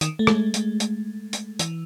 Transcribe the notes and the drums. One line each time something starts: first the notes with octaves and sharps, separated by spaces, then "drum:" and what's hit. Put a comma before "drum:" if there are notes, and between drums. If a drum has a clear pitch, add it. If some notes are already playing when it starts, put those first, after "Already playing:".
D#3, drum: hi-hat
A3
G#3, drum: rim click
G#3, drum: hi-hat
drum: hi-hat
drum: hi-hat
E3, drum: hi-hat